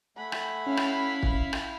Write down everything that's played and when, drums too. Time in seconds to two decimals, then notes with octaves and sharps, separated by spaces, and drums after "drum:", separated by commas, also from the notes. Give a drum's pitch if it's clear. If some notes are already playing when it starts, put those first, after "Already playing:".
0.17 A3 F#5 G#5 B5
0.32 drum: rim click
0.67 C#4 E4 F5
0.77 drum: rim click
1.23 drum: kick
1.53 drum: rim click